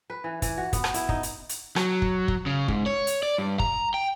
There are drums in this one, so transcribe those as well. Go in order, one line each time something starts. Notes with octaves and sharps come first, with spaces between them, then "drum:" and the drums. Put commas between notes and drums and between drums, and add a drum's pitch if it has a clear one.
B4
E3
E3, drum: kick, hi-hat
F#4
B3, drum: kick, hi-hat
drum: rim click
E4, drum: hi-hat
D#4, drum: kick
drum: hi-hat
drum: hi-hat
F#3, drum: rim click
drum: kick
drum: kick
C#3
G#2, drum: kick
C#5
drum: hi-hat
D5
G2
A#5, drum: kick
G5